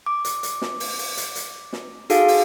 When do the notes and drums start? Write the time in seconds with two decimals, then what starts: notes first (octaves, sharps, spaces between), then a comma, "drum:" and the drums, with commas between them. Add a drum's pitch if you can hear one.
0.06 D6
0.25 drum: hi-hat
0.43 drum: hi-hat
0.62 drum: snare
0.80 drum: open hi-hat
0.99 drum: open hi-hat
1.17 drum: hi-hat
1.36 drum: hi-hat
1.73 drum: snare
2.10 D#4 F#4 G#4 A4 F5, drum: hi-hat
2.28 drum: open hi-hat